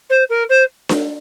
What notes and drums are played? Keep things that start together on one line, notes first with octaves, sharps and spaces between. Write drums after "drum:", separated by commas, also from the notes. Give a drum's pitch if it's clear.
C5
A#4
C5
drum: snare D4